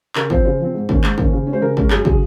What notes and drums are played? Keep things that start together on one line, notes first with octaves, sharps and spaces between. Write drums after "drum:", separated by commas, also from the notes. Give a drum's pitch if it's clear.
C#3 A#4, drum: clap
F3 C4 C5, drum: kick
C#3 C5
F3 C4
G#2
D#3 A#3 C#4, drum: kick
G#2, drum: clap
D#3 A#3 C#4, drum: kick
C#3
C#4
G#3 C5
C#3 A#4
G#3 C#4, drum: kick
F#2 G#4, drum: clap
C#3 F#3 G#4, drum: kick